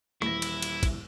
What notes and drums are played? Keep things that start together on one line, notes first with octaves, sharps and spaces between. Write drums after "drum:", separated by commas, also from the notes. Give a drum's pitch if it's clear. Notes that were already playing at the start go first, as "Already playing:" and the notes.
D#1 E3 E4 A#6, drum: rim click
drum: cymbal
drum: cymbal
drum: kick, cymbal